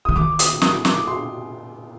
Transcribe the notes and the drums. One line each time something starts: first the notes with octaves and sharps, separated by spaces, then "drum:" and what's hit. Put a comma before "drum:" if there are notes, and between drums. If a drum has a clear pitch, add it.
D3 D#6
D#3 D6
D#6, drum: hi-hat
D#6, drum: snare
D6, drum: snare
C6